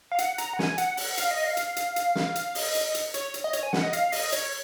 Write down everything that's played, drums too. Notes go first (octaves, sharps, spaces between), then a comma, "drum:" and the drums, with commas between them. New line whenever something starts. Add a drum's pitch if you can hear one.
F5
F#5, drum: hi-hat
A#5, drum: hi-hat
F#5
G#5, drum: snare
F#5, drum: hi-hat
F#5, drum: open hi-hat
F5, drum: hi-hat
D#5
F5
drum: hi-hat
drum: hi-hat
drum: hi-hat
F5, drum: snare
drum: hi-hat
D#5, drum: open hi-hat
drum: hi-hat
drum: hi-hat
C#5, drum: hi-hat
drum: hi-hat
D#5
C#5, drum: hi-hat
G#5
F#5, drum: snare
D#5
F5, drum: hi-hat
D#5, drum: open hi-hat
C#5, drum: hi-hat